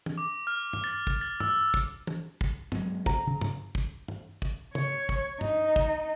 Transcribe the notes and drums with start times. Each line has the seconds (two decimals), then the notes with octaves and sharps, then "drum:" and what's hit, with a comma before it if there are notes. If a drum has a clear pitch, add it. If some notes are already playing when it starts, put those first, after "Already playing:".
0.06 drum: tom
0.18 D6
0.47 F6
0.73 drum: tom
0.84 A6
1.07 drum: kick
1.21 A6
1.40 E6, drum: tom
1.74 drum: kick
2.07 drum: tom
2.41 drum: kick
2.72 F#3 G#3 B3, drum: tom
3.06 A#5, drum: kick
3.27 C#3
3.41 drum: tom
3.75 drum: kick
4.08 drum: tom
4.42 drum: kick
4.75 C#5, drum: tom
5.09 drum: kick
5.41 D#4, drum: tom
5.76 drum: kick